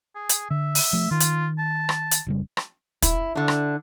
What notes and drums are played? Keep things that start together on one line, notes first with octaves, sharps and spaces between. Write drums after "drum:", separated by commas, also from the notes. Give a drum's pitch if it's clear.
G#4
drum: hi-hat
D3 E5
drum: open hi-hat
F3 A3
D#3 F4
drum: hi-hat
A5
drum: rim click
drum: hi-hat
F1 C#3 G3
drum: rim click
E4, drum: kick, hi-hat
D3 D4
drum: rim click